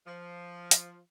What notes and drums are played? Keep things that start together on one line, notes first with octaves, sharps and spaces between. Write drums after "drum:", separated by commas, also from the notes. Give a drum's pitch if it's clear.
F3
drum: hi-hat